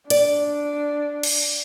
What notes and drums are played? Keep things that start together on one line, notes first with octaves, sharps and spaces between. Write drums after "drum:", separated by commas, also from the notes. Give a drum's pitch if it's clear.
D4 D5, drum: hi-hat
drum: cymbal